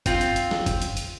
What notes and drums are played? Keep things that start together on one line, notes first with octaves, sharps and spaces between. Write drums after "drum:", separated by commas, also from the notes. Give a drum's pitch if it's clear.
C4 F4, drum: kick, hi-hat
drum: hi-hat
drum: hi-hat
drum: snare
drum: kick, hi-hat
drum: hi-hat
drum: hi-hat